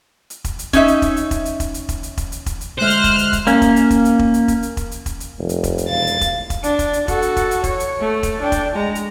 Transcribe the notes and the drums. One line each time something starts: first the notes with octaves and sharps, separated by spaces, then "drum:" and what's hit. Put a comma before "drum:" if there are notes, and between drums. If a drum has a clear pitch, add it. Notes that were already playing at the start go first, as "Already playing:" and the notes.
drum: hi-hat
drum: kick E1, hi-hat
drum: hi-hat
C#4 D#4 E5, drum: kick E1, hi-hat
drum: hi-hat
drum: kick E1, hi-hat
drum: hi-hat
drum: kick E1, hi-hat
drum: hi-hat
drum: kick E1, hi-hat
drum: hi-hat
drum: kick E1, hi-hat
drum: hi-hat
drum: kick E1, hi-hat
drum: hi-hat
drum: kick E1, hi-hat
drum: hi-hat
D2 G#3 C5 E5 F6 F#6
drum: hi-hat
drum: kick E1, hi-hat
drum: hi-hat
drum: kick E1, hi-hat
A#3 C#4, drum: hi-hat
drum: kick E1, hi-hat
drum: hi-hat
drum: kick E1, hi-hat
drum: hi-hat
drum: kick E1
drum: hi-hat
drum: kick E1, hi-hat
drum: hi-hat
drum: kick E1, hi-hat
drum: hi-hat
drum: kick E1, hi-hat
drum: hi-hat
F1
drum: hi-hat
drum: kick E1, hi-hat
drum: hi-hat
E1 F5 A6
drum: hi-hat
drum: kick E1, hi-hat
drum: kick E1, hi-hat
D4, drum: hi-hat
drum: kick E1, hi-hat
drum: hi-hat
F#4 A4, drum: kick E1, hi-hat
drum: hi-hat
drum: kick E1, hi-hat
drum: hi-hat
C#5, drum: kick E1, hi-hat
drum: hi-hat
A3
drum: kick E1, hi-hat
D4 G5
drum: kick E1, hi-hat
G#3 A#5
drum: hi-hat